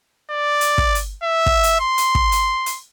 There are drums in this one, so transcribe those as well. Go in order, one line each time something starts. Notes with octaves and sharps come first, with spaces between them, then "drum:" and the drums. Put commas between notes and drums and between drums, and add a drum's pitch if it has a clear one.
D5
drum: hi-hat
drum: kick
drum: hi-hat
E5
drum: kick
drum: hi-hat
C6
drum: hi-hat
drum: kick
drum: hi-hat
drum: hi-hat